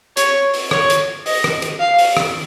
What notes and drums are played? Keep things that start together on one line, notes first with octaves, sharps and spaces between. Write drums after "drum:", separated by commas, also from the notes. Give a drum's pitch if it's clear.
C#5, drum: hi-hat
drum: open hi-hat
C#5, drum: rim click
drum: hi-hat
D#5, drum: open hi-hat
drum: rim click
drum: hi-hat
F5
drum: open hi-hat
drum: rim click